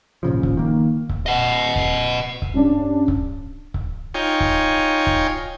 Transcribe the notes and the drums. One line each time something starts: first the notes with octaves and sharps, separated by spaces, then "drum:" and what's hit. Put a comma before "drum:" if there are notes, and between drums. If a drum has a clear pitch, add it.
G#1 A#2 C#3 F3
drum: kick C#1
D#3 A#3
drum: kick C#1
D#5 F#5
drum: kick C#1
drum: kick C#1
G2 C#4 D4
drum: kick C#1
drum: kick C#1
D#4 F4 C#5 G5 G#5
drum: kick C#1
drum: kick C#1